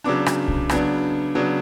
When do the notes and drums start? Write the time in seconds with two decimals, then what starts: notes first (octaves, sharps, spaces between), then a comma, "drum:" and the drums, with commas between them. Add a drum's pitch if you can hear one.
0.04 C#3 F#3 B3 D4 D6
0.26 drum: rim click
0.48 drum: kick
0.69 C#3 F#3 B3 D4, drum: rim click
1.35 C#3 F#3 B3 D4